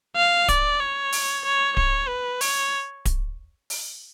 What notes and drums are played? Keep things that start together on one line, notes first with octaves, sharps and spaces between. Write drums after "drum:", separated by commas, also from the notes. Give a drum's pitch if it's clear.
F5
D5, drum: kick D1, hi-hat
C#5
drum: open hi-hat
C#5
C#5, drum: kick D1
B4
C#5, drum: open hi-hat
drum: kick D1, hi-hat
drum: open hi-hat